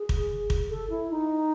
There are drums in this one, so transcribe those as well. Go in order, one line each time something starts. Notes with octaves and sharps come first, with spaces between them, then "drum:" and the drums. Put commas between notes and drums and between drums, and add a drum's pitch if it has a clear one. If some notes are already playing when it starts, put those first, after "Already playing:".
Already playing: G#4
drum: kick
drum: kick
A4
E4
D#4